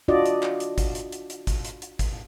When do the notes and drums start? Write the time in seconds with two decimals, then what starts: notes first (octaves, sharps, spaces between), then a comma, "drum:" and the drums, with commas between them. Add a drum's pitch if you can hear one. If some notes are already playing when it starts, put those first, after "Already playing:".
0.08 D4 F4 F#4 D5 D#5
0.26 drum: hi-hat
0.43 drum: clap
0.60 drum: hi-hat
0.78 drum: kick G#1, hi-hat
0.95 drum: hi-hat
1.12 drum: hi-hat
1.30 drum: hi-hat
1.47 drum: kick G#1, hi-hat
1.65 drum: hi-hat
1.82 drum: hi-hat
1.99 drum: kick G#1, hi-hat